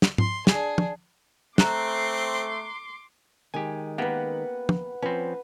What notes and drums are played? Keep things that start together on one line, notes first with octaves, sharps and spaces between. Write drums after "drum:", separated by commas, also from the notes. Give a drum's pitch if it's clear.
drum: snare
C6, drum: tom G#2
D4 G#4, drum: snare
drum: tom
A3 C4 A#5 C6 D6 F#6, drum: snare
D#3 G#3 G4 G#5
A#3 B3 G4 B4 F#5
drum: tom
F3 C4 C#4 B4